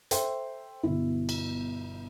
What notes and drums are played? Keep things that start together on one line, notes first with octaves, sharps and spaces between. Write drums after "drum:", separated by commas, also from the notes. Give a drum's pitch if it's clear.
A4 C5 E5 G5 C6, drum: hi-hat
G1 B2 E4
drum: cymbal